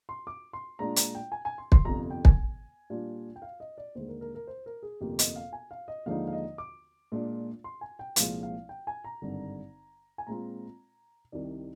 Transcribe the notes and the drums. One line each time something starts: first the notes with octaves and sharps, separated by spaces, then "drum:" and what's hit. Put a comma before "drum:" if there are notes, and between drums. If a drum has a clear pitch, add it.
C6
D6
C6
A#2 G#3 D4 F4 A#5
A#5, drum: hi-hat
G5
G#5
G#5
C6
C6, drum: kick
G1 F2 C3 A#5
G5
G#5, drum: kick
A#2 G3 D4 F4
G5
F5
D#5
D5
D#2 D3 G#3 C5
A#4
A#4
A#4
C5
A#4
G#4
G1 F2 C3 G3 A#3 G4
D#5, drum: hi-hat
F5
G#5
F5
D#5
D#2 D3 F3 G#3 D#4 F5
F5
D#5
D6
A#2 G#3 D4 F4
C6
G#5
G5
C2 A#2 F3 G#3 F5, drum: hi-hat
F5
G5
G#5
A#5
G#1 G2 D3
G#5
A#2 G#3 C4 F4 A#5
C2 C3 D#3 D5